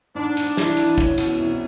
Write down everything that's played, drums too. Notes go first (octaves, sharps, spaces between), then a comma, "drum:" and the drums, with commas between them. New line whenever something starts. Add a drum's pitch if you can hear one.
G#2 D4
G#2, drum: cymbal
E3, drum: snare
E3, drum: cymbal
C#4, drum: kick
B2, drum: cymbal
C2